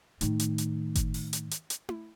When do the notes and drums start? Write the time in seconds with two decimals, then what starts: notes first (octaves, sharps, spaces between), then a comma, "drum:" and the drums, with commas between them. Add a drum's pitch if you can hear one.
0.21 A2 D#3, drum: hi-hat
0.40 drum: hi-hat
0.58 drum: hi-hat
0.95 drum: kick G1, hi-hat
1.14 drum: open hi-hat
1.33 drum: hi-hat
1.51 drum: hi-hat
1.70 drum: hi-hat
1.89 drum: tom E4